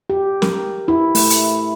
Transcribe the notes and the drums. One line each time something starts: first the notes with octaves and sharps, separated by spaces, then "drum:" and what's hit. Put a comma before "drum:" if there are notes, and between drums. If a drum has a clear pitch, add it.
G4
A#4, drum: snare
E4
A3, drum: open hi-hat
drum: hi-hat